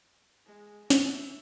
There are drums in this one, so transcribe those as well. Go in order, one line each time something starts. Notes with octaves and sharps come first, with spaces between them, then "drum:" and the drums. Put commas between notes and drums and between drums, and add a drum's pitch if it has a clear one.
G#3
E5, drum: snare